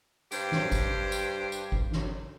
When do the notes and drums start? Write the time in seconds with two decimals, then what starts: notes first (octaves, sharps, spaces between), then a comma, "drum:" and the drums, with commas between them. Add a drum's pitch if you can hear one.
0.32 G2 G4 C5, drum: tambourine
0.52 drum: snare
0.72 drum: kick G#1, tambourine
1.12 drum: tambourine
1.52 drum: tambourine
1.72 drum: kick G#1
1.92 drum: snare